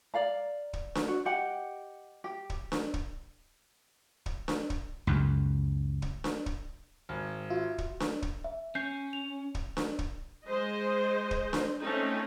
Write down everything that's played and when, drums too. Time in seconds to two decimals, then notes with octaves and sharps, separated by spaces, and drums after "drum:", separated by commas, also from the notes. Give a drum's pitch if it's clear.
0.14 D5 F5 A#5
0.73 drum: kick
0.95 drum: snare D4
1.08 F#4
1.25 G4 D#5 F#5 G5
2.24 G4
2.50 drum: kick
2.72 drum: snare D4
2.94 drum: kick
4.26 drum: kick
4.48 drum: snare D4
4.70 drum: kick
5.07 C#2 F#2
6.02 drum: kick
6.24 drum: snare D4
6.46 drum: kick
7.09 G#1
7.50 F4 F#4 E5
7.78 drum: kick
8.00 drum: snare D4
8.22 drum: kick
8.44 E5
8.75 C#4 G6 C7
9.13 F7
9.55 drum: kick
9.77 drum: snare D4
9.99 drum: kick
10.46 G#3 C5 D#5
11.31 drum: kick
11.53 drum: snare D4
11.80 A3 C4 C#4 D#4 A4